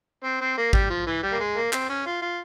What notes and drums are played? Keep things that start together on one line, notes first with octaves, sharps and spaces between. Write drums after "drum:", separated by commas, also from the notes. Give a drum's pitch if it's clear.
C4
C4
A#3
G3, drum: kick G#1
F3
E3
G3
A#3
G#3
A#3
C4, drum: clap
C#4
F4
F4